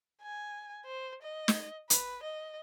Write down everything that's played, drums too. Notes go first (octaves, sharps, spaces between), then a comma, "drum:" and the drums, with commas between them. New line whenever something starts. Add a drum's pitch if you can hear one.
G#5
C5
D#5
drum: snare
B4, drum: hi-hat
D#5